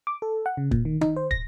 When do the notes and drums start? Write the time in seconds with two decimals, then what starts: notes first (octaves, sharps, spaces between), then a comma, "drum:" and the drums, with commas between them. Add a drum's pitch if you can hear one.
0.07 D6
0.22 A4
0.46 F#5
0.57 C#3
0.71 A#2, drum: kick
0.85 D#3
1.01 D#4, drum: tom D#3
1.16 C5
1.31 A#6, drum: kick